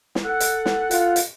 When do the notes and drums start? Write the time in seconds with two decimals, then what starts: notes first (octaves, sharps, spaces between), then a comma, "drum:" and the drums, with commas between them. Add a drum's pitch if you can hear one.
0.15 drum: snare
0.24 A4 F#5
0.40 drum: hi-hat
0.66 drum: snare
0.91 F4, drum: hi-hat
1.16 drum: hi-hat